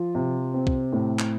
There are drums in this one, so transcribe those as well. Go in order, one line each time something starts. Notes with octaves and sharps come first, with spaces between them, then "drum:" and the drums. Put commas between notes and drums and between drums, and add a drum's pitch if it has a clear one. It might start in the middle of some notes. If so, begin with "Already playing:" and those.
Already playing: F3 F4
C3
C4
drum: kick
A2
drum: clap